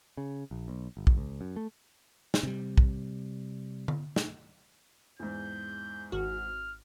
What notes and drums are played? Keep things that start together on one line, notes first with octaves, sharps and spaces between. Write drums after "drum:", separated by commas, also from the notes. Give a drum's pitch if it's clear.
C#3
A#1
B1
G1
drum: kick
C#2
F#2
A3
drum: snare
C3 G3
drum: kick
drum: tom D3
drum: snare
E2 G#2 G6
G#1 F#4 F6